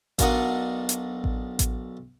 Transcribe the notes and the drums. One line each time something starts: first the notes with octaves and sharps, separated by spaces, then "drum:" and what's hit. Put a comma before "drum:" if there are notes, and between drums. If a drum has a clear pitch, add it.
B1 D4 A#4 F5 F#5 D#6, drum: kick A1, hi-hat
drum: hi-hat
drum: kick A1
drum: kick A1, hi-hat